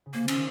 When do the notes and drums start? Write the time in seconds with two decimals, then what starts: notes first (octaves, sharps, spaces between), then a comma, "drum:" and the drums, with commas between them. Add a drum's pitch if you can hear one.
0.06 C#3
0.13 C3 A#3
0.23 D3
0.28 C#4, drum: cymbal
0.33 D#3